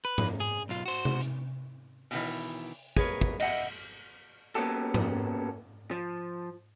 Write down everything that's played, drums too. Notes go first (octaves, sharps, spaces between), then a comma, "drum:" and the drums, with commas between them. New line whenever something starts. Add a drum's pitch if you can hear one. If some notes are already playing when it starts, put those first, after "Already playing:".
B4
drum: tom G#2
G#4
B1 F4
F#4 C5
drum: tom C3
drum: hi-hat
B2 D#3 E3, drum: open hi-hat
G#4 A#4 B4 C#5, drum: kick
drum: kick
D#5 E5 F#5 G#5, drum: cymbal
A#3 B3 C#4 F#4 G4 A4
drum: tom G#2
F3